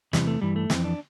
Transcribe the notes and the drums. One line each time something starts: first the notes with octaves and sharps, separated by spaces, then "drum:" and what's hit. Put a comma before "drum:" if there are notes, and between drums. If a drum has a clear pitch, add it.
E2 C3 E3 G3, drum: snare
A3
G2 E3 G3
A3
F2 E3 C4, drum: snare
D4